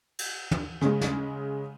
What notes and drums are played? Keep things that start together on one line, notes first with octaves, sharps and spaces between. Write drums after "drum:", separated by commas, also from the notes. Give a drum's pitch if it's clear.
drum: cymbal
drum: tom
C#3 G#3, drum: rim click
drum: snare